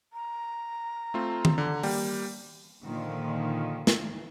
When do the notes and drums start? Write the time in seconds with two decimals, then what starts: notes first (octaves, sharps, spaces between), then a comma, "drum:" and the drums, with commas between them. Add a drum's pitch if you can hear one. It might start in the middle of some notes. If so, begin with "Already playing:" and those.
0.13 A#5
1.14 A3 C4 F4
1.45 drum: tom D#3
1.58 D3
1.83 G3 A#3 G5, drum: open hi-hat
2.85 A#2 D3 D#3 F3
3.87 drum: snare